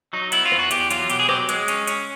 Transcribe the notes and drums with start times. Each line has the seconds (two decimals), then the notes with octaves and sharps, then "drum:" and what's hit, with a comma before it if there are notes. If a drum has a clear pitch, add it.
0.13 F#3 D#4
0.32 B3 E4, drum: hi-hat
0.45 F4
0.52 E2, drum: rim click
0.59 F#4
0.71 E2 G4, drum: hi-hat
0.91 F#3 F4, drum: hi-hat
1.10 B2 G4, drum: hi-hat
1.19 G#4
1.29 F#3 G4, drum: rim click
1.49 G#3, drum: hi-hat
1.68 C#4, drum: hi-hat
1.87 C#4, drum: hi-hat